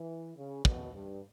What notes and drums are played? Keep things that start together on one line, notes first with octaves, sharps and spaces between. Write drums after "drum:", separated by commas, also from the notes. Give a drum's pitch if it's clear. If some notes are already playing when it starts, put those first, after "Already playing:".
Already playing: E3
C#3
B2, drum: kick
G2